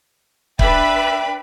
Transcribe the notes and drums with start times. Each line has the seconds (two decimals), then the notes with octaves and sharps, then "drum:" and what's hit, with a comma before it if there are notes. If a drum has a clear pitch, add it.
0.59 D4 B4 E5 G5 B5, drum: kick